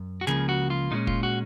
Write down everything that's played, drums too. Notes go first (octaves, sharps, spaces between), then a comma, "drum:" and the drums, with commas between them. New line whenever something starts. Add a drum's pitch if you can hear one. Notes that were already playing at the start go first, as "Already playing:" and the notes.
Already playing: F#2
F#4
C#2 C#3 F3 A#3 G#4, drum: snare
F#4
F4
A#2 G#3 C#4 D#4
F4, drum: kick
F#4